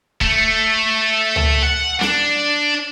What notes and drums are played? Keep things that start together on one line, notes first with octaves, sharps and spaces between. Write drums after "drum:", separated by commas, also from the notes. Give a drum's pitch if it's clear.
A3, drum: kick
drum: tom C#2
F#5
D4, drum: snare